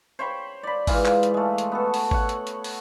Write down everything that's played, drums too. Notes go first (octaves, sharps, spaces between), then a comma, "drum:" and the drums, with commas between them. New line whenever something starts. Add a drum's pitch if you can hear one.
C5 C#5 G5 B5
D5 B5
G#2 E3 F4 F5, drum: kick G#1, open hi-hat
drum: clap
drum: hi-hat
G#3 A3
drum: hi-hat
B3 F#4 A4
drum: open hi-hat
C#5 F#5, drum: kick G#1
drum: hi-hat
drum: hi-hat
drum: open hi-hat